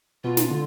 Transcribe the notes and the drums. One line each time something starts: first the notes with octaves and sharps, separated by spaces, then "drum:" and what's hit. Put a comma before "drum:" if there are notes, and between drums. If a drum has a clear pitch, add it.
B2 F4
drum: snare
D3